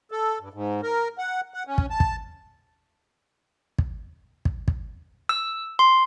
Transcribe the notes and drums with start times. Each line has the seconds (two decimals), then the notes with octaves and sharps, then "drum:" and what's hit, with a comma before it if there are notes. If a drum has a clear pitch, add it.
0.11 A4
0.40 G2
0.54 G#2
0.83 A#4
1.18 F#5
1.54 F#5
1.67 C#4
1.78 drum: kick
1.90 A5
2.00 drum: kick
3.79 drum: kick
4.45 drum: kick
4.68 drum: kick
5.29 E6
5.79 C6